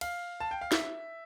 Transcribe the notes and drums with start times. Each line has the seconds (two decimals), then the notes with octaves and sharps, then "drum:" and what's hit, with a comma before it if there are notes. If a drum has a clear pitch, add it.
0.01 F5, drum: cymbal
0.40 A5
0.51 G5
0.61 F5
0.72 E5, drum: snare